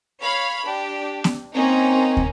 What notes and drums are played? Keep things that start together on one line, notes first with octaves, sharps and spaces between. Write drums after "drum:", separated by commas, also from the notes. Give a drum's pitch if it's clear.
C#5 F5 B5
D4 G4
drum: snare
A#3 C4 C#4 D#4
drum: kick